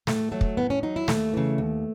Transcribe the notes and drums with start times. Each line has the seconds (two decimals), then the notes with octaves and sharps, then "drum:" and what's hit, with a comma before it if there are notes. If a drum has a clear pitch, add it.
0.07 A2 A3, drum: snare
0.32 F#3 A3
0.41 drum: kick
0.57 A2 B3
0.70 C#4
0.83 F#3 D#4
0.96 E4
1.08 D#2 A3, drum: snare
1.34 C#3 E3
1.58 D#2